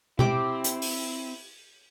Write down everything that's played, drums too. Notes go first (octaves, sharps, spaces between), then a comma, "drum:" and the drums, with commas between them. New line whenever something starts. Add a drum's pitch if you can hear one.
C4 E4 G4 G5 D6, drum: tom B2
drum: hi-hat
drum: open hi-hat